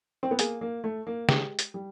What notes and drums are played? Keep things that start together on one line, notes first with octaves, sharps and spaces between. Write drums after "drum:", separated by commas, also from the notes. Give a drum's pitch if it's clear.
C4
B3
A#3 G#4, drum: hi-hat
A#3
A3
A#3
G#3 G4, drum: snare
drum: hi-hat
G3